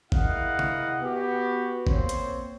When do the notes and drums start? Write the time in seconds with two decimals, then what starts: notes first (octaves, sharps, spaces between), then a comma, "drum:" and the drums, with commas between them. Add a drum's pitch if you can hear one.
0.12 E4 G#4 A#4 D#5 F5 F#5, drum: kick G#1
0.59 drum: tom C3
1.01 B3 F#4 G4
1.87 A#3 C4 C5 C#5, drum: kick G#1
2.09 drum: hi-hat